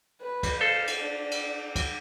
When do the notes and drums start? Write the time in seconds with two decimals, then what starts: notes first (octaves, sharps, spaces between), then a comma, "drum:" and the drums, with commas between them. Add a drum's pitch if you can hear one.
0.21 B4
0.43 drum: kick, cymbal
0.61 A4 C5 F5
0.87 drum: cymbal
0.98 D4
1.31 drum: cymbal
1.76 drum: kick, cymbal